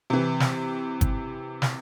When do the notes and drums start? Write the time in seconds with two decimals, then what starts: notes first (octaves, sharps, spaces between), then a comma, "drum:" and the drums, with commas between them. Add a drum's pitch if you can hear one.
0.10 C3 E3
0.40 drum: snare
1.01 drum: kick G1, hi-hat
1.62 drum: snare